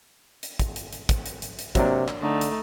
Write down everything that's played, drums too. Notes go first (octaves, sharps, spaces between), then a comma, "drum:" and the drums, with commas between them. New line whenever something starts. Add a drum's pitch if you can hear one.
drum: hi-hat
drum: kick, hi-hat
drum: hi-hat
drum: hi-hat
drum: kick, hi-hat
drum: hi-hat
drum: hi-hat
drum: hi-hat
C3 F#3 A#3 D4, drum: kick, hi-hat
drum: clap
D3 A3 D#4
drum: hi-hat